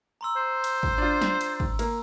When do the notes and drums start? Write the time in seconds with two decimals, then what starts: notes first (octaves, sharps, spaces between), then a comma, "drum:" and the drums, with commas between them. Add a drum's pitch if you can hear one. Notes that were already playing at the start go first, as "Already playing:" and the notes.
0.21 A#5 C6 E6
0.37 C5
0.64 drum: cymbal
0.83 drum: kick
0.98 D4 F4
1.22 drum: snare
1.41 drum: cymbal
1.60 drum: kick
1.79 A#3, drum: cymbal